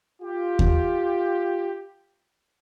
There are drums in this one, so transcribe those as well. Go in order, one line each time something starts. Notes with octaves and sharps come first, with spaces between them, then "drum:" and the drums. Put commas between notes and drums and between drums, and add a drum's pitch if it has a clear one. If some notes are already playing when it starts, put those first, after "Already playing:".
F4 G4
drum: kick D#2